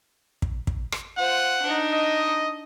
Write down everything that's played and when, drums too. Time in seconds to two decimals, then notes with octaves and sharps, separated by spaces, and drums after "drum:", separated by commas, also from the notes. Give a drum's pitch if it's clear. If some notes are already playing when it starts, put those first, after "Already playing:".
0.42 drum: kick
0.67 drum: kick
0.92 drum: rim click
1.17 F4 C5 F#5
1.62 D4 D#4
1.92 D#5